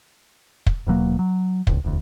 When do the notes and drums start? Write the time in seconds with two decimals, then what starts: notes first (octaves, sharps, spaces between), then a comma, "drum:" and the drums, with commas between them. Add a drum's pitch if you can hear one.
0.66 drum: kick
0.87 D#1 B2 F#3 A#3
1.19 F#3
1.67 D1 C#2, drum: kick
1.84 E1 D2